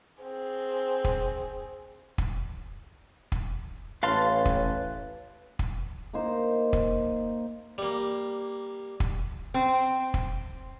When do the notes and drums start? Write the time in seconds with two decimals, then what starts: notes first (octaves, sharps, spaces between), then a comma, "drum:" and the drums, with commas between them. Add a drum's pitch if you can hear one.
0.23 C4 G#4
1.05 drum: kick
2.18 drum: kick
3.32 drum: kick
4.03 A1 B4 C#5 F5 A5 C6
4.45 drum: kick
5.59 drum: kick
6.13 A#3 D#4 C5
6.73 drum: kick
7.78 G3 A#3
9.00 drum: kick
9.54 C4
10.14 drum: kick